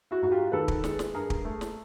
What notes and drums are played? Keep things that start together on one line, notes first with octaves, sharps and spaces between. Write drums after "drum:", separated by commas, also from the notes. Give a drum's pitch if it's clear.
E4 F#4
G#2 F#4
F4 G4
D#3 A4 B4
drum: kick
G#3, drum: snare
drum: snare
G2 G#4 A#4
drum: kick
A3
drum: snare